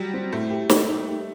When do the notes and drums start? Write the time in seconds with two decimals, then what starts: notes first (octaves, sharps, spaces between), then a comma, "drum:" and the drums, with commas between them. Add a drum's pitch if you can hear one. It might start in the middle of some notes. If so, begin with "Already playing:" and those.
Already playing: F#3 G3
0.14 C4
0.32 A2 A3
0.50 G4
0.69 A3, drum: snare
0.89 D#4
1.08 G4